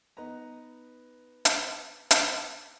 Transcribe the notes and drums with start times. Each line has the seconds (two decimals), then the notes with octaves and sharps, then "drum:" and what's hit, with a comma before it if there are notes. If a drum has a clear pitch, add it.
0.17 B3 D#4 B4 A#5
1.45 drum: hi-hat
2.11 drum: hi-hat